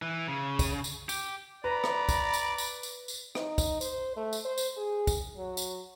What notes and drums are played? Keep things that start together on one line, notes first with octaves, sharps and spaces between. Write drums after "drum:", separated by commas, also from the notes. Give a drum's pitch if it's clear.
E3
C#3
drum: kick, tambourine
drum: tambourine
G4, drum: tambourine
B4 D5 A#5 B5
drum: rim click
drum: kick, tambourine
drum: tambourine
drum: tambourine
drum: tambourine
drum: tambourine
D#4, drum: rim click
drum: kick, tambourine
C5, drum: tambourine
A3
drum: tambourine
C5
drum: tambourine
G#4
drum: kick, tambourine
F#3
drum: tambourine